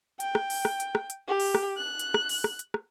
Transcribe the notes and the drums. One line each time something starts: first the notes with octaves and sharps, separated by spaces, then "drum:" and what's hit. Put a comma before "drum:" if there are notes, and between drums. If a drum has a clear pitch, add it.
G5, drum: hi-hat
drum: rim click
drum: open hi-hat
drum: rim click
drum: hi-hat
drum: rim click
drum: hi-hat
G4
drum: open hi-hat
drum: rim click
F#6
drum: hi-hat
drum: rim click
drum: open hi-hat
drum: rim click
drum: hi-hat
drum: rim click